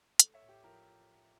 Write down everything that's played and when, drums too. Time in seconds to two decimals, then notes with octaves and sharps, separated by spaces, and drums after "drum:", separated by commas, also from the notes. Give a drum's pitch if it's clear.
0.20 A3, drum: hi-hat
0.34 C#5 E5
0.42 A1
0.49 G4
0.64 F3 G4 A#4